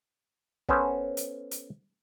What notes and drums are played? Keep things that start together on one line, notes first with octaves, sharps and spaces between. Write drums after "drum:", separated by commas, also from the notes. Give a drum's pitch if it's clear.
B3 C#4 A4 C5, drum: kick
drum: hi-hat
drum: hi-hat